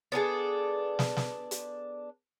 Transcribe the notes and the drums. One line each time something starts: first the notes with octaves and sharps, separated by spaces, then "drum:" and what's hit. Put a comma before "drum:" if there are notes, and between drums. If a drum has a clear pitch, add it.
B3 D4 G#4 A4
drum: snare
drum: snare
drum: hi-hat